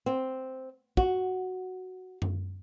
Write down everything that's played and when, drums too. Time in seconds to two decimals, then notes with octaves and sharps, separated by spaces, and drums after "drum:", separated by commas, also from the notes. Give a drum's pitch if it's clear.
0.06 C4
0.97 F#4, drum: kick
2.22 drum: tom F#2